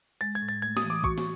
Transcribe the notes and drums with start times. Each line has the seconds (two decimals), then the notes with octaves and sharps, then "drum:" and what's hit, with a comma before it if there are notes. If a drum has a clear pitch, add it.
0.21 G#3 A6
0.35 G#6
0.42 A2
0.49 A6
0.62 A3 G#6
0.77 D#6, drum: snare
0.83 E3
0.90 D6
1.04 F#4 C#6, drum: kick
1.18 drum: snare